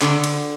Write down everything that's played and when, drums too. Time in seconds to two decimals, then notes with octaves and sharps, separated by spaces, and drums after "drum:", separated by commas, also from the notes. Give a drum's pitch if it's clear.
0.01 D3, drum: clap
0.24 drum: cymbal